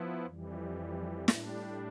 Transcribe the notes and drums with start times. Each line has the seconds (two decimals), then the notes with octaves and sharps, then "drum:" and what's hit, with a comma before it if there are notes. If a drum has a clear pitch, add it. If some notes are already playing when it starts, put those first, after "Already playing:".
Already playing: F3 B3 E4
0.26 F2 E3 G3
1.28 A2 G3 D4, drum: snare